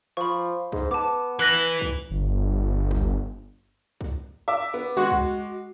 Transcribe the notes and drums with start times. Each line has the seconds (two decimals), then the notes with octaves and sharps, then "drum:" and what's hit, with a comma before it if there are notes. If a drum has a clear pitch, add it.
0.17 F3 B5 C#6
0.72 G#2, drum: kick B1
0.91 B3 A5 D6
1.39 E3 B4 F#6 A#6
1.81 drum: kick B1
2.11 G1
2.91 drum: kick B1
4.01 drum: kick B1
4.48 E5 D6
4.74 B3
4.97 G#3 F#4
5.10 drum: kick B1